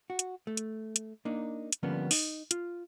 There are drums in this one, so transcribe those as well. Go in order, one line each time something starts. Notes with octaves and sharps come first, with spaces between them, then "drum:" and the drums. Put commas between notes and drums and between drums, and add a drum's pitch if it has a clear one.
F#4
drum: hi-hat
A3
drum: hi-hat
drum: hi-hat
A#3 D4 D#4
drum: hi-hat
D3 F3 G3 A#3 B3 C#4
D#4, drum: open hi-hat
F4, drum: hi-hat